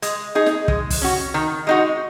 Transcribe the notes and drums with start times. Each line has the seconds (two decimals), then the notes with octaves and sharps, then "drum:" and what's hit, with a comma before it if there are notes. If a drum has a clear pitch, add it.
0.02 G#3, drum: hi-hat
0.35 D#4 G#4
0.46 drum: snare
0.68 G#3, drum: kick
0.90 drum: kick, open hi-hat
1.02 C#4 F#4
1.34 D#3
1.67 G#3 D#4 F#4